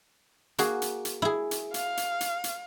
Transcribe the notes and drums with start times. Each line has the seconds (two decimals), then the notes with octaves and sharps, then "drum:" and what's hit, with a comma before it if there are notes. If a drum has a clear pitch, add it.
0.58 A#3 F#4 G#4, drum: hi-hat
0.82 drum: hi-hat
1.05 drum: hi-hat
1.22 E4 G#4
1.51 drum: hi-hat
1.74 F5, drum: hi-hat
1.97 drum: hi-hat
2.21 drum: hi-hat
2.44 drum: hi-hat